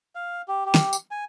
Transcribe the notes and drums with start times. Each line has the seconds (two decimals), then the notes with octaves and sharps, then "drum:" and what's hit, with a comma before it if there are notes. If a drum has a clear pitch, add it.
0.15 F5
0.48 G4
0.65 G4
0.74 drum: snare
0.93 drum: tambourine
1.11 G#5